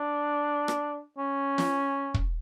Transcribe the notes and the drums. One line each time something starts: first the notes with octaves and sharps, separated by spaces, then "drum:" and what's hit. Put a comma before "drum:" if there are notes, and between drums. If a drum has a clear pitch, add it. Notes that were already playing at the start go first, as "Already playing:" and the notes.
Already playing: D4
drum: rim click
C#4
drum: snare
drum: kick